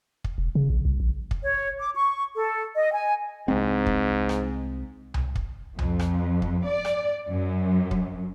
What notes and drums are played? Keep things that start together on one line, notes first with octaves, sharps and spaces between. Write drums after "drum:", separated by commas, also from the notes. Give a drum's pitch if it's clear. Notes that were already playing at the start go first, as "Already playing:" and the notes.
drum: kick
E1
C#3
A#1
C2
A#1
drum: kick
C#5
D6
C#6
A4
D#5
G#5
C2 G#2 G#3 C4
drum: kick
drum: rim click
drum: tom C2
drum: kick
F2, drum: tom C2
drum: rim click
drum: kick
D5
drum: rim click
F#2
drum: kick